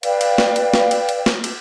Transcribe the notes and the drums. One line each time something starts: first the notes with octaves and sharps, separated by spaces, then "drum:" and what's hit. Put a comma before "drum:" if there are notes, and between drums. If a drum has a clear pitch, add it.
B4 D5 F5 G5, drum: cymbal
drum: cymbal
drum: snare
drum: cymbal
drum: snare
drum: cymbal
drum: cymbal
drum: snare
drum: cymbal